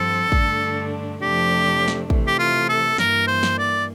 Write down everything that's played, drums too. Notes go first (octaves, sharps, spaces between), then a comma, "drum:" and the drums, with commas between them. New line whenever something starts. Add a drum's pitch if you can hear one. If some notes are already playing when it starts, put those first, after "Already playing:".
Already playing: G2 F3 C4 A4
G2 D3 A3 D4, drum: kick
F2 C3 F3 A3 D4 G4
drum: snare
C3 E3 A3, drum: kick
G4
F4
A4
G2 E3 A#3 A#4, drum: snare
C5
drum: snare
D5